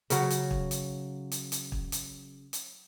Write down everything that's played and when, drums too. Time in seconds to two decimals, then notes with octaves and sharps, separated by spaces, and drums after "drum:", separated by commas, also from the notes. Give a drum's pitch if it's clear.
0.10 C#3 F#3, drum: hi-hat
0.30 drum: hi-hat
0.51 drum: kick
0.71 drum: hi-hat
1.32 drum: hi-hat
1.52 drum: hi-hat
1.72 drum: kick
1.92 drum: hi-hat
2.53 drum: hi-hat